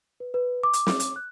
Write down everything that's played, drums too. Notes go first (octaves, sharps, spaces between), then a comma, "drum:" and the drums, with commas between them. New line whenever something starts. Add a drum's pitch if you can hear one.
B4
B4
D6
drum: hi-hat
drum: snare
drum: hi-hat
F#6